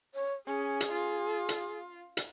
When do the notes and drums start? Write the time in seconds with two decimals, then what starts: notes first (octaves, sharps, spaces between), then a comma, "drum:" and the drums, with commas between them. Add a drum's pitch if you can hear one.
0.14 C#5
0.46 C#4 G#4
0.80 drum: hi-hat
0.92 F4
1.49 drum: hi-hat
2.17 drum: hi-hat